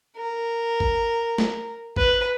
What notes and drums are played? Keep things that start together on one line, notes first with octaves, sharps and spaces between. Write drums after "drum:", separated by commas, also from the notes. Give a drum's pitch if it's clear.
A#4
drum: kick G#1
drum: snare
B4, drum: kick G#1